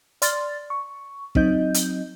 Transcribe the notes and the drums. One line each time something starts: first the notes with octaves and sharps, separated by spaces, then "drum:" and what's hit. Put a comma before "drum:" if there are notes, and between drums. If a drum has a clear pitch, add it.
D5 C6 F6 A6, drum: hi-hat
C#6
F#3 C4 D#4 D#5 G6, drum: kick
drum: hi-hat